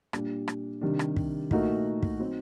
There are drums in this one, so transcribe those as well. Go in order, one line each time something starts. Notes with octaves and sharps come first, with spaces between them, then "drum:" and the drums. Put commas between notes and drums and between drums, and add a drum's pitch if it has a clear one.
A#2 G3 D4 G4, drum: rim click
drum: rim click
C3 D#3 G3 D4
drum: rim click
drum: kick
A#2 A3 D#4 F#4 A#4, drum: kick
drum: kick
F#3 C4 D#4